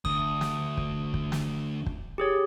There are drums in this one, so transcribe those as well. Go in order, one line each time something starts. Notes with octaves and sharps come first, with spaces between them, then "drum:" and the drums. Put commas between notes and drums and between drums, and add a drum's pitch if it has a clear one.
D2 D#6, drum: kick
drum: snare
drum: kick
drum: kick
drum: snare
drum: kick
G4 G#4 C#5